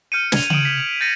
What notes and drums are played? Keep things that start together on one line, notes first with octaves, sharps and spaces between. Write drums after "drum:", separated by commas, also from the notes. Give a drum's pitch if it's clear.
F6 G6 C#7 D#7
G#6 F7, drum: snare
D#6 D7 E7 F#7, drum: tom C#3
B6
G6 A6 A#6 C#7 D#7